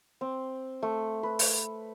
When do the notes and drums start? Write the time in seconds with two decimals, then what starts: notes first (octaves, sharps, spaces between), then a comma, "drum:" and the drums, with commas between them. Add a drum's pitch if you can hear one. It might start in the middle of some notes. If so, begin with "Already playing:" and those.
0.21 C4
0.83 A3
1.23 B4
1.39 drum: open hi-hat